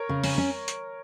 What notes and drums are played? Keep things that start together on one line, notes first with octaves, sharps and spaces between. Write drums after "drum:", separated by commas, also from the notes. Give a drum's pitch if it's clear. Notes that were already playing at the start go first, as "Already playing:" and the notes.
Already playing: A#4 C#5
C#3
C#4, drum: open hi-hat
C#4
drum: hi-hat